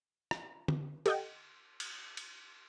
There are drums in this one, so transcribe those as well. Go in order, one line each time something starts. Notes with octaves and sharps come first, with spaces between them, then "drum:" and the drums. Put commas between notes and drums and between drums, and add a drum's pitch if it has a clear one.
drum: rim click
drum: tom D3
G4 A4 D#5 F#5 G5, drum: cymbal
drum: cymbal
drum: cymbal